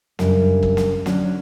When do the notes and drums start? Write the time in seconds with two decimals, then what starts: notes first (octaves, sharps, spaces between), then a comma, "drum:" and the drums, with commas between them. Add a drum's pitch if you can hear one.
0.19 F#2 C#3 G3 D4, drum: snare
0.63 drum: kick
0.77 drum: snare
1.06 D3 F#3 C#4, drum: snare